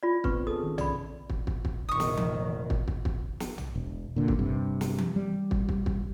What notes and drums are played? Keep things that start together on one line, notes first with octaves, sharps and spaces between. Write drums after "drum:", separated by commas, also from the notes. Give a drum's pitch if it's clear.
F4 D5
B3 C4 D4 B4 C#6, drum: kick
G#4 A4 D#6
D#3 C#4
D5 B5, drum: tom
drum: kick
drum: kick
drum: kick
F1 A#1 D#3 C#6 D#6
drum: snare
drum: tom E3
drum: kick
drum: kick
drum: kick
drum: snare
drum: tom
E1
A#2 D3
drum: kick
G2 C3
drum: snare
drum: tom E3
G3
drum: kick
drum: kick
drum: kick